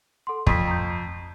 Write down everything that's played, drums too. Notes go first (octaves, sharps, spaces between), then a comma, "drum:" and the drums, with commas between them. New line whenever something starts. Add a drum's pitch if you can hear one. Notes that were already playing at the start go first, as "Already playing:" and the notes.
A4 F#5 C6
F2 C#6 D#6 B6, drum: kick
A#5 G6